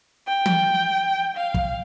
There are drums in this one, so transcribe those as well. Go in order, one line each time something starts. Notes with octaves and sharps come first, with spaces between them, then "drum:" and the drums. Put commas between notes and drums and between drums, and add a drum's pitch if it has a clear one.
G5
drum: tom E3
F5
drum: kick